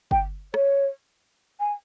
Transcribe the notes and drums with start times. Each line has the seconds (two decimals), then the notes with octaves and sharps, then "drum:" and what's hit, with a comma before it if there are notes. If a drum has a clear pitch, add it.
0.11 G5, drum: kick G1
0.54 C#5, drum: rim click
1.60 G#5